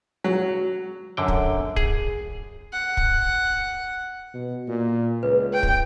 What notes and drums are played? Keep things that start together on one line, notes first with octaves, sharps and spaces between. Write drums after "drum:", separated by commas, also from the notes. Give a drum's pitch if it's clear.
F#3
F#2 D3 G5
drum: kick
G#4, drum: kick
F#5
drum: kick
B2
A#2
C#2 B4
G5
drum: kick